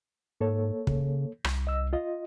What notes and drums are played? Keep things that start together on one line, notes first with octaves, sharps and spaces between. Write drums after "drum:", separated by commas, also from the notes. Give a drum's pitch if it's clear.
G#2 A#3 A4 C#5
C#3, drum: kick
C2, drum: rim click
D#5 E6
F4 D#5